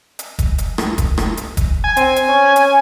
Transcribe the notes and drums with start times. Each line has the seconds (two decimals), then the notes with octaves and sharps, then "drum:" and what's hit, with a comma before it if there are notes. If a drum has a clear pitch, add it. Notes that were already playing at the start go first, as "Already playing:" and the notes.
0.19 drum: hi-hat
0.39 drum: kick, hi-hat
0.58 drum: hi-hat
0.78 drum: rim click
0.98 drum: kick, hi-hat
1.18 drum: rim click
1.37 drum: hi-hat
1.57 drum: kick, hi-hat
1.84 G#5
1.97 C4, drum: hi-hat
2.16 drum: hi-hat
2.28 C#4
2.56 drum: hi-hat